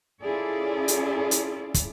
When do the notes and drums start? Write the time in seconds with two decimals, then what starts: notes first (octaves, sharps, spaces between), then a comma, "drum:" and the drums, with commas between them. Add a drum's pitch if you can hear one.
0.23 C#4 E4 F4 G#4 A4 D5
0.88 drum: hi-hat
1.31 drum: hi-hat
1.74 drum: kick, hi-hat